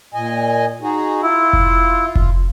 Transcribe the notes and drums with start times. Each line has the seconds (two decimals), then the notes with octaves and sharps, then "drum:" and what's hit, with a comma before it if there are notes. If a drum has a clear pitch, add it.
0.14 A#2 D#5 G#5
0.82 D#4 F#4 G#4
1.22 E4 F4
1.53 drum: kick F1
2.15 drum: kick F1